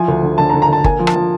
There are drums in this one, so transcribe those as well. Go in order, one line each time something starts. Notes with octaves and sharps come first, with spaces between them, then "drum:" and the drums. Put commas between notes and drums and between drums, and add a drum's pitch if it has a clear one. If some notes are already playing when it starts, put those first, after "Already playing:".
Already playing: F3 E4 G#5
D2
D3
D3 A5
A#5
D3
A#5
D3 A5
A#3 G#5, drum: kick G1
F3
A5, drum: rim click
F3